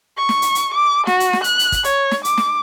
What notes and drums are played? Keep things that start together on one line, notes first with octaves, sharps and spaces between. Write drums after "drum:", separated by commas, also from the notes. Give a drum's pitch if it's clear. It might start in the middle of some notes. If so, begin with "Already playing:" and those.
C#6
drum: snare
drum: hi-hat
drum: hi-hat
D6
F#4, drum: snare
drum: hi-hat
drum: snare
F#6, drum: hi-hat
drum: hi-hat
drum: kick, hi-hat
C#5, drum: hi-hat
drum: snare
D6, drum: hi-hat
drum: snare